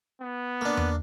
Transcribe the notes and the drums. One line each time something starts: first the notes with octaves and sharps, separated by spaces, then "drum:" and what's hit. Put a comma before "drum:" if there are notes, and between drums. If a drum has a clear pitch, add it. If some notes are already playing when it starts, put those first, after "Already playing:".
B3
A#3 D4
drum: tom E2